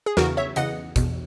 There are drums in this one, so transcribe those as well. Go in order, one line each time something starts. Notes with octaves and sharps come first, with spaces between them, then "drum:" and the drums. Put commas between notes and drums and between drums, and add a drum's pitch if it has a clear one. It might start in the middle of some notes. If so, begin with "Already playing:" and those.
G#4
E2 C#3 E3 F#4 A#4, drum: snare
C#5 E5
E2 C#3 E3 D#5 F#5, drum: hi-hat
E2 B2, drum: kick, hi-hat